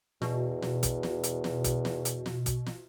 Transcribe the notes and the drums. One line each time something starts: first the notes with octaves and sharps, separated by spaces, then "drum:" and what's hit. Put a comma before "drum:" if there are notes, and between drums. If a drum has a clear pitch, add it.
E2 B2, drum: snare
drum: snare
drum: kick, hi-hat
drum: snare
drum: hi-hat
drum: snare
drum: kick, hi-hat
drum: snare
drum: hi-hat
drum: snare
drum: kick, hi-hat
drum: snare